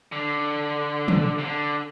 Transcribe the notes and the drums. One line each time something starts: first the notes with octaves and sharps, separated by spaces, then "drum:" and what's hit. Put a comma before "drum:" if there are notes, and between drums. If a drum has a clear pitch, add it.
D3
drum: tom
C3
D3